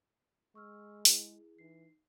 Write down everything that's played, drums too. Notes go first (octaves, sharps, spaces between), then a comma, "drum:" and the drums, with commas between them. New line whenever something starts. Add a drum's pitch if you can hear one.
G#3 C#6 E6 F6
E4 G#4, drum: open hi-hat
E3 D#4 C7